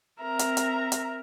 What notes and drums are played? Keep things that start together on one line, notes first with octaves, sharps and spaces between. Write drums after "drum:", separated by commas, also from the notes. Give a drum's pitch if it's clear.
C4 A#4 E5 A#5
drum: hi-hat
drum: hi-hat
drum: hi-hat